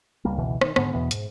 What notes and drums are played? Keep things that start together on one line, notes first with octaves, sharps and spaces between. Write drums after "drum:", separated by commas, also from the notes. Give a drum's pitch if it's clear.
C#2 G3 A#3
F#1 C#2 B2 E3
D#3, drum: rim click
G#2 D3 B3, drum: rim click
E2 B2 E3 B3
G#2, drum: hi-hat